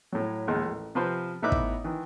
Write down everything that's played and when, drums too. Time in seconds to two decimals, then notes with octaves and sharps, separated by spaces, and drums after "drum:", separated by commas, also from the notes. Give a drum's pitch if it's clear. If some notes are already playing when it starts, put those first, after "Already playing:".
0.12 A2 F#3
0.48 A#1 D#2 G#3
0.65 A1
0.95 C3 F3 B4 C5
1.42 A2 B3 D#4 E5 D6 F#6
1.52 drum: kick
1.84 D#3 E3